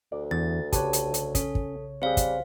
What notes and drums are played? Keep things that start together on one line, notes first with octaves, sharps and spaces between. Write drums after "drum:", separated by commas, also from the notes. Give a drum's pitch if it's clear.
D2 D5
E2 A6
B1 C#3 G4 B4 C#5 A5, drum: kick, hi-hat
drum: hi-hat
drum: hi-hat
C#4 A4, drum: kick, hi-hat
drum: kick
G3 C4 G#4 C5 F5
drum: kick, hi-hat